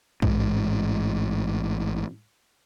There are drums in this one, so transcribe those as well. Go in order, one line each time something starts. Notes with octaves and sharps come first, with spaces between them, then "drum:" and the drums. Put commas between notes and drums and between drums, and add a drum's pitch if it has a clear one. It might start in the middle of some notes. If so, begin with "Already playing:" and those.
A1 G#2, drum: kick